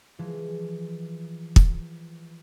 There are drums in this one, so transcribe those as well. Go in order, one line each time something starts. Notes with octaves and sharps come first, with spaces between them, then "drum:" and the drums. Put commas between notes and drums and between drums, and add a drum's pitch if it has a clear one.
E3 F3 G#3
drum: kick